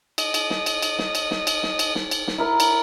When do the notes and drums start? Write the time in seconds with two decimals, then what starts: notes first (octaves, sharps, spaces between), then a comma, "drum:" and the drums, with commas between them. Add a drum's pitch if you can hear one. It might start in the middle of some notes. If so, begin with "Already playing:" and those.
0.18 D#5, drum: cymbal
0.34 drum: cymbal
0.50 drum: snare
0.66 drum: cymbal
0.82 drum: cymbal
0.99 drum: snare
1.15 drum: cymbal
1.31 drum: snare
1.47 drum: cymbal
1.63 drum: snare
1.79 drum: cymbal
1.95 drum: snare
2.11 drum: cymbal
2.28 drum: snare
2.38 E4 A#4 E5
2.60 drum: cymbal